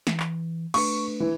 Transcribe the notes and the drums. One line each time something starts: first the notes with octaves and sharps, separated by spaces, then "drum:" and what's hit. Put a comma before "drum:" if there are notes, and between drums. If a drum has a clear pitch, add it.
E3, drum: snare
drum: clap
A3 D4 B4 C#6, drum: cymbal
E3